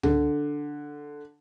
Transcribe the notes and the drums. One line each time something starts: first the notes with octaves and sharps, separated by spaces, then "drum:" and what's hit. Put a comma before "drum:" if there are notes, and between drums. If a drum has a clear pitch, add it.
D3, drum: tom C#2